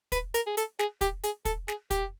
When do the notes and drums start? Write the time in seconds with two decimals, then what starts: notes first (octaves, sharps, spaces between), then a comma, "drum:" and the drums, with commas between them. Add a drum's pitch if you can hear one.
0.12 B4, drum: kick, hi-hat
0.34 A#4, drum: hi-hat
0.46 G#4
0.57 A4, drum: hi-hat
0.79 G#4, drum: snare
1.01 G4, drum: kick, hi-hat
1.24 G#4, drum: hi-hat
1.45 A4, drum: kick, hi-hat
1.68 G#4, drum: snare
1.91 G4, drum: kick, hi-hat